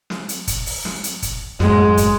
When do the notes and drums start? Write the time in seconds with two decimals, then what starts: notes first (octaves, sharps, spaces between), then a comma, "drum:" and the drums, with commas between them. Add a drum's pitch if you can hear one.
0.10 drum: snare
0.29 drum: hi-hat
0.47 drum: kick, hi-hat
0.66 drum: open hi-hat
0.85 drum: snare
1.04 drum: hi-hat
1.22 drum: kick, hi-hat
1.60 F#2 A2 G#3, drum: snare
1.97 drum: kick, hi-hat